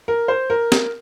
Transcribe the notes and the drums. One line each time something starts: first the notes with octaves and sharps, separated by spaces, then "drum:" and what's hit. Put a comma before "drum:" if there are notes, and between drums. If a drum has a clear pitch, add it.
A#4
C5
A#4
drum: snare